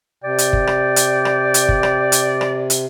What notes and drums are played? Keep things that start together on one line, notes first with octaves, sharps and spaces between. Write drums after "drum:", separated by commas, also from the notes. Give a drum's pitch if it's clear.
C3 D5 G5
drum: hi-hat
drum: kick F#1
drum: rim click
drum: hi-hat
drum: rim click
drum: hi-hat
drum: kick F#1
drum: rim click
drum: hi-hat
drum: rim click
drum: hi-hat